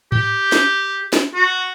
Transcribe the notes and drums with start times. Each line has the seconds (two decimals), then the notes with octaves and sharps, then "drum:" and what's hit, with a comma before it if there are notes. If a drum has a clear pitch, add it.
0.12 G4, drum: tom G#2
0.52 drum: snare
1.13 drum: snare
1.35 F#4